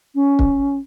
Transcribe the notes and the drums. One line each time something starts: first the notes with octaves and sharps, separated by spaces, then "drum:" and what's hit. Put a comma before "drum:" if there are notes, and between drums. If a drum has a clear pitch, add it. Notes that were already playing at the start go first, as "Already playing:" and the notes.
C#4
drum: kick